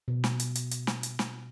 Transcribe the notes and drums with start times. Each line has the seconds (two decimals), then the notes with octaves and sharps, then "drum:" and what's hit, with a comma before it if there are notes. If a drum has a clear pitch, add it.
0.08 B2
0.24 drum: snare
0.40 drum: hi-hat
0.55 drum: hi-hat
0.71 drum: hi-hat
0.87 drum: snare
1.03 drum: hi-hat
1.19 drum: snare